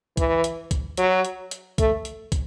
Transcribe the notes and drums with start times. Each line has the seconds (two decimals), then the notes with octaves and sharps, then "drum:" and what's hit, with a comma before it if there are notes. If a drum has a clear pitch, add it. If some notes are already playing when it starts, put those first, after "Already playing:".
0.17 E3, drum: kick, hi-hat
0.44 drum: hi-hat
0.71 drum: kick, hi-hat
0.97 F#3, drum: hi-hat
1.25 drum: hi-hat
1.51 drum: hi-hat
1.78 A3, drum: kick, hi-hat
2.05 drum: hi-hat
2.32 drum: kick, hi-hat